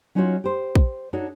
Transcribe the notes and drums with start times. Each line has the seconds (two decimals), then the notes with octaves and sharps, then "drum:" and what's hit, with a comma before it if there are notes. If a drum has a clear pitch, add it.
0.15 F#3 C#4 D#4 F4 F#4 C#5
0.44 G4 C5
0.75 drum: kick
1.13 D4 D#4 F#4 A4 C#5